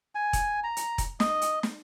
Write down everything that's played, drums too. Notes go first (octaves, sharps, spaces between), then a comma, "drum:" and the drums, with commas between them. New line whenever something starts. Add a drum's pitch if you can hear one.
G#5
drum: kick E1, hi-hat
A#5
drum: hi-hat
drum: kick E1, hi-hat
D#5, drum: snare
drum: hi-hat
drum: snare